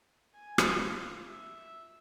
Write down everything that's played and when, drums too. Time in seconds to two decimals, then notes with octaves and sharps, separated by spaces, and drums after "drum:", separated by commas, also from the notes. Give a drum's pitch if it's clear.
0.34 G#5
0.58 drum: rim click
0.69 F4
1.27 E5